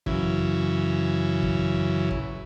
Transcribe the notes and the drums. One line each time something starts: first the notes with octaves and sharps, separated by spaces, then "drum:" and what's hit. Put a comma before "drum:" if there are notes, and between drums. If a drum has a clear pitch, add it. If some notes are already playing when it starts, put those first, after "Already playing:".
F#2 C#3 E3, drum: kick
drum: kick
drum: kick